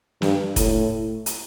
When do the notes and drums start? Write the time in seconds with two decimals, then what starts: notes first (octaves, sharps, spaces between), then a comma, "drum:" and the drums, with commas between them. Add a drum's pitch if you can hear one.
0.22 G2, drum: snare
0.56 A2, drum: kick F1, hi-hat
1.26 drum: hi-hat